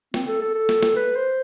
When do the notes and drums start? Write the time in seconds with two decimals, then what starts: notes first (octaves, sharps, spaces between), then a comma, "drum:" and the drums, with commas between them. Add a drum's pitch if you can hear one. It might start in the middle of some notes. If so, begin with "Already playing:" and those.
0.14 C4, drum: snare
0.28 A4
0.41 A4
0.55 A4
0.69 drum: snare
0.83 drum: snare
0.96 B4
1.16 C5